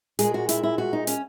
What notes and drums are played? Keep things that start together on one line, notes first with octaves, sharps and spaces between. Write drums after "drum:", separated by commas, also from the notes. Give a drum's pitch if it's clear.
A#2 G#3 G#4, drum: hi-hat
F#4
E4, drum: hi-hat
E4
F#4
D#4
C#4, drum: hi-hat